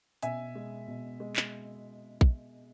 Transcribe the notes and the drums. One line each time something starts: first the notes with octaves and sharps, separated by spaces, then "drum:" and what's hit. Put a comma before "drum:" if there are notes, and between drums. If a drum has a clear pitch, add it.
B2 E5 G#5, drum: hi-hat
G#3
B2
G#3
drum: clap
drum: kick A#1